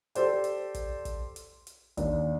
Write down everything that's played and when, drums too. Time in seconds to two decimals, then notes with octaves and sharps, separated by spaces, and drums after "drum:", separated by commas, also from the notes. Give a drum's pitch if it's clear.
0.15 G4 A4 C5 D5, drum: hi-hat
0.44 drum: hi-hat
0.74 drum: kick, hi-hat
1.05 drum: kick, hi-hat
1.36 drum: hi-hat
1.67 drum: hi-hat
1.97 D#2 D4, drum: kick, hi-hat